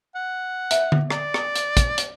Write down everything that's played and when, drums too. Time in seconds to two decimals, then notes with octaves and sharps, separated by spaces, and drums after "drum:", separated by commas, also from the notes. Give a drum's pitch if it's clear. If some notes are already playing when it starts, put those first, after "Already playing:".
0.15 F#5
0.71 E5, drum: hi-hat
0.92 drum: tom D3
1.11 D5, drum: rim click
1.34 drum: rim click
1.56 drum: hi-hat
1.77 drum: kick, hi-hat
1.98 drum: hi-hat